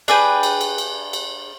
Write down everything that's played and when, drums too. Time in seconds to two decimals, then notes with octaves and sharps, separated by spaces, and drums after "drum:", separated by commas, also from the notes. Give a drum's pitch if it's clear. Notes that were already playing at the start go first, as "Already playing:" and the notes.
0.08 D4 G#4 B4 G5, drum: cymbal
0.43 drum: cymbal
0.61 drum: cymbal
0.78 drum: cymbal
1.13 drum: cymbal